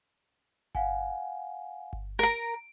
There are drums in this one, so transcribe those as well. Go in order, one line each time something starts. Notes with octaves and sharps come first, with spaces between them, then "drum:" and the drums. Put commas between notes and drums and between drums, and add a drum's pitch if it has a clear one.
F5 F#5 G#5, drum: kick G1
drum: kick G1
A#4 A#5 D7